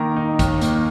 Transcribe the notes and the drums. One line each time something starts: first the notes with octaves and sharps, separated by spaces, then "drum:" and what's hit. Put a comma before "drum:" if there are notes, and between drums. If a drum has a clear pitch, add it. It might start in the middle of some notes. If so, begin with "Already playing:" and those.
Already playing: D#3 A#3 A#5
D#4
D#2, drum: kick, hi-hat
A#3, drum: hi-hat